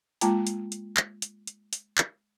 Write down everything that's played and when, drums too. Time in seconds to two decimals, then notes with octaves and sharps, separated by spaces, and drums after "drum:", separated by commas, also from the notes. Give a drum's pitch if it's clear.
0.21 G#3 A#3 F4 G5 A5 A#5, drum: hi-hat
0.47 drum: hi-hat
0.72 drum: hi-hat
0.97 drum: clap
1.22 drum: hi-hat
1.47 drum: hi-hat
1.73 drum: hi-hat
1.98 drum: clap